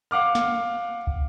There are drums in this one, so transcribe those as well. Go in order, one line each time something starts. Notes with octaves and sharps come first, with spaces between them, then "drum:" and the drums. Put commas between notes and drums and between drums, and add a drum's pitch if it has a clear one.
F5 F#5 D6 F6
drum: snare
drum: kick